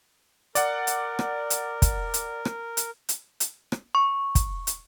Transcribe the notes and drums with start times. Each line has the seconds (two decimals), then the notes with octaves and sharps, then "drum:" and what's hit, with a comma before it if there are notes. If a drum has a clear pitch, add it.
0.55 A#4 D5 F#5, drum: hi-hat
0.87 drum: hi-hat
1.19 drum: rim click
1.50 drum: hi-hat
1.82 drum: kick, hi-hat
2.14 drum: hi-hat
2.45 drum: rim click
2.77 drum: hi-hat
3.09 drum: hi-hat
3.40 drum: hi-hat
3.72 drum: rim click
3.95 C#6
4.35 drum: kick, hi-hat
4.67 drum: hi-hat